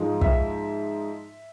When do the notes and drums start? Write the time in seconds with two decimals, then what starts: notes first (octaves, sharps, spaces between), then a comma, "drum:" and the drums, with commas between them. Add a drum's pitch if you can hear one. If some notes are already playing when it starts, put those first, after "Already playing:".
Already playing: G#2 F3 G#3
0.21 E5, drum: kick